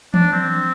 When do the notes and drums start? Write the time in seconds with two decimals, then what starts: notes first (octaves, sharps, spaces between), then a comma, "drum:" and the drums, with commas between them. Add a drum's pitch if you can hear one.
0.14 D4, drum: tom E3
0.32 C4